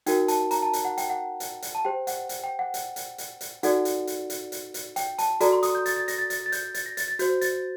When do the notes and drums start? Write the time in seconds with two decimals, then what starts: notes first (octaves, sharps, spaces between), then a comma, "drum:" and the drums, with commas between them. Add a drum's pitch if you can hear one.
0.06 D#4 F#4 A#4 G5, drum: hi-hat
0.28 A5, drum: hi-hat
0.51 A#5, drum: hi-hat
0.62 A5
0.73 drum: hi-hat
0.85 F#5
0.98 G5, drum: hi-hat
1.10 F#5
1.40 drum: hi-hat
1.62 drum: hi-hat
1.75 A5
1.85 G4 C5 G5
2.07 F#5, drum: hi-hat
2.29 drum: hi-hat
2.44 G5
2.59 F#5
2.74 drum: hi-hat
2.96 drum: hi-hat
3.18 drum: hi-hat
3.41 drum: hi-hat
3.63 D#4 F#4 A4 D5 F#5, drum: hi-hat
3.85 drum: hi-hat
4.07 drum: hi-hat
4.30 drum: hi-hat
4.52 drum: hi-hat
4.74 drum: hi-hat
4.96 G5, drum: hi-hat
5.18 A5, drum: hi-hat
5.40 F#4 A4 D5 A#5, drum: hi-hat
5.52 C6
5.63 D#6, drum: hi-hat
5.75 G6
5.86 A6, drum: hi-hat
5.96 A6
6.08 A#6, drum: hi-hat
6.19 A6
6.30 A6, drum: hi-hat
6.46 A6
6.52 G6, drum: hi-hat
6.75 A6, drum: hi-hat
6.86 A#6
6.97 A6, drum: hi-hat
7.08 A6
7.19 F#4 C5 G6, drum: hi-hat
7.41 A6, drum: hi-hat